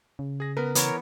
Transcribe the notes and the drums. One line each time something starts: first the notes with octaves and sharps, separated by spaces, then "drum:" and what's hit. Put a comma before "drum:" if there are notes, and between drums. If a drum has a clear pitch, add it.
C#3
G#4 A#6
B3 A#4 B4
E3 B3 A#4 C#5, drum: hi-hat